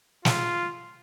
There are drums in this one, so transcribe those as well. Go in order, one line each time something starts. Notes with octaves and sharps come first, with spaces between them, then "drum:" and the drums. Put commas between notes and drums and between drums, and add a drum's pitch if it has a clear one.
F4, drum: snare